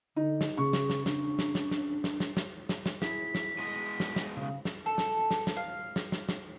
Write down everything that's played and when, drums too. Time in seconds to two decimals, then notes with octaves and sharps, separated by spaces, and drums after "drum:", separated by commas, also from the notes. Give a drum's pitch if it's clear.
0.16 D3 D#4
0.41 drum: snare
0.57 C#3 G#4 C#6
0.73 drum: snare
0.90 drum: snare
1.06 D4, drum: snare
1.39 drum: snare
1.55 drum: snare
1.71 drum: snare
2.04 drum: snare
2.20 drum: snare
2.37 drum: snare
2.69 drum: snare
2.86 drum: snare
3.02 E4 G#4 B6, drum: snare
3.35 drum: snare
3.59 B2 G#3 D#5
4.00 drum: snare
4.16 drum: snare
4.37 C#3
4.65 drum: snare
4.86 A4
4.98 drum: snare
5.31 drum: snare
5.47 drum: snare
5.57 F5
5.96 drum: snare
6.12 drum: snare
6.29 drum: snare